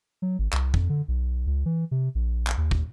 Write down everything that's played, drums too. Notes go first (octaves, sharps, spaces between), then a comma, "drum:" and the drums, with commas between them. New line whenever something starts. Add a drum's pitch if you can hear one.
F#3
G#1
C2, drum: clap
F2, drum: kick
D3
B1
C#2
E3
C3
A#1
drum: clap
D#2
drum: kick